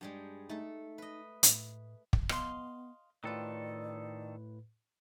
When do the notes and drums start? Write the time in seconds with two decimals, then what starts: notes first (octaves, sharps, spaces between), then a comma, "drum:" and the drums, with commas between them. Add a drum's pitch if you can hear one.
0.01 G2 G3 G#3
0.49 A3 D#4 A4
0.98 B4 D#5
1.43 A2, drum: hi-hat
2.13 drum: kick
2.29 B3 D#5 F5 C6, drum: rim click
3.24 A2 D#3 F4 G4 A4 B4 D5